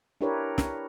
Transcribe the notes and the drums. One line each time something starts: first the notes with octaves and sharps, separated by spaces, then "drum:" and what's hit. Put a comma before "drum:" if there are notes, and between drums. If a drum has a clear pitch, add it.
D4 E4 G4 A#4 B4 C#5
drum: snare